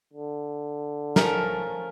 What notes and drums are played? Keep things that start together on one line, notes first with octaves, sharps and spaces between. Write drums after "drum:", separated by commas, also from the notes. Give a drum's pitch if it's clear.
D3
F3 A3 C#4 A#4, drum: snare